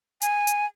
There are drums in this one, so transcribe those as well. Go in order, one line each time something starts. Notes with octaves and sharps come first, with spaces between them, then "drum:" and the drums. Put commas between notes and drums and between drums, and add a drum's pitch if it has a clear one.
G#5, drum: hi-hat
drum: hi-hat